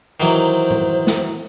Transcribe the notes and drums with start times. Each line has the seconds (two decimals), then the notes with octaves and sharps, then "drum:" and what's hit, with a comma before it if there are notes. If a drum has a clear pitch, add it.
0.20 D#3 E3 F#3 C5
0.71 drum: tom A2
1.07 drum: snare